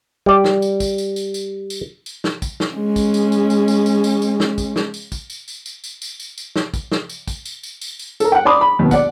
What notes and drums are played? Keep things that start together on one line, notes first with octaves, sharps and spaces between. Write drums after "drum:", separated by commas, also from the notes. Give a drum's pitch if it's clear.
G3 D5, drum: kick
drum: snare
drum: tambourine
drum: kick, tambourine
drum: tambourine
drum: tambourine
drum: tambourine
drum: tambourine
drum: tambourine
drum: snare
drum: kick, tambourine
drum: snare
G#3 C#4
drum: kick, tambourine
drum: tambourine
drum: tambourine
drum: tambourine
drum: tambourine
drum: tambourine
drum: tambourine
drum: tambourine
drum: snare
drum: kick, tambourine
drum: snare
drum: tambourine
drum: kick, tambourine
drum: tambourine
drum: tambourine
drum: tambourine
drum: tambourine
drum: tambourine
drum: tambourine
drum: tambourine
drum: snare
drum: kick, tambourine
drum: snare
drum: tambourine
drum: kick, tambourine
drum: tambourine
drum: tambourine
drum: tambourine
drum: tambourine
A4 A#4, drum: tambourine
F#5 G5
D5 B5 C6 D6 D#6
B5
D#2 B2
D5 F#5, drum: kick, tambourine